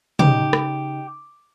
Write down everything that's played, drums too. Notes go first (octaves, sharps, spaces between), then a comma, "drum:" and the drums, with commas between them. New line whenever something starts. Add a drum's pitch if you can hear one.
C#3 D#4 G4, drum: tom
drum: rim click